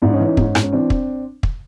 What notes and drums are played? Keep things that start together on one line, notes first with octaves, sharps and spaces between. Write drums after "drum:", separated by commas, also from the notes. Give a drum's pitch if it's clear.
G#2 D4 E4
C#4 D#4
E3
C#4 D#4
G#2, drum: kick
G#2, drum: rim click
C#4
E3 C4 D4
drum: kick
drum: kick